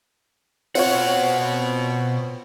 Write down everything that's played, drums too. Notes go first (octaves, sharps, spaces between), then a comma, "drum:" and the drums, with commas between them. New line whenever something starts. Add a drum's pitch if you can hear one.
B2 C4 F4 C#5 F#5, drum: open hi-hat